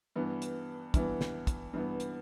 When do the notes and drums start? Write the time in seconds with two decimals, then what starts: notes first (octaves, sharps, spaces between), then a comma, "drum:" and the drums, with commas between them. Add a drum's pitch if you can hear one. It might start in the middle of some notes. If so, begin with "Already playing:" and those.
0.16 G2 E3 B3
0.42 drum: hi-hat
0.94 G2 E3 B3, drum: kick, hi-hat
1.21 drum: snare
1.47 drum: kick, hi-hat
1.73 G2 E3 B3
2.00 drum: hi-hat